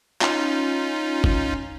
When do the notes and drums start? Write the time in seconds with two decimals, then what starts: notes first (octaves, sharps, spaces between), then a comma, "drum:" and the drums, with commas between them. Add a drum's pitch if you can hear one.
0.22 C#4 D#4 F4, drum: clap
1.24 drum: kick